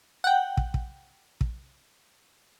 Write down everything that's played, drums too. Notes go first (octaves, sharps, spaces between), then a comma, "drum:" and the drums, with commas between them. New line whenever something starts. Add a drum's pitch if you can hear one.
F#5 G5
drum: kick
drum: kick
drum: kick